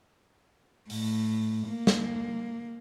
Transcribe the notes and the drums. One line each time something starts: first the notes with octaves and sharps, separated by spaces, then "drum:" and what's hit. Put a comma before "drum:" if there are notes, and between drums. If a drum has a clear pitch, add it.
A2, drum: open hi-hat
A#3
drum: snare